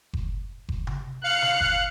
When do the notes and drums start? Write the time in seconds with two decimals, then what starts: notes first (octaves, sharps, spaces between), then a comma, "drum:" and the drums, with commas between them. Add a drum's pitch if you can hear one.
0.13 drum: kick F#1
0.69 drum: kick F#1
0.87 drum: tom C3
1.24 F5 F#6 C#7
1.42 drum: snare
1.61 drum: kick F#1